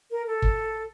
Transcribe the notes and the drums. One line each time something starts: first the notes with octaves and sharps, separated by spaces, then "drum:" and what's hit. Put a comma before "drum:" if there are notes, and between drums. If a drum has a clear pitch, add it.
A#4
A4
drum: kick